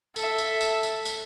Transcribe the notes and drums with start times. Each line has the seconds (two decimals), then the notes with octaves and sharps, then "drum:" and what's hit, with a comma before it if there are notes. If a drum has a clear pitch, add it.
0.16 A4 E5, drum: tambourine
0.38 drum: tambourine
0.61 drum: tambourine
0.83 drum: tambourine
1.05 drum: tambourine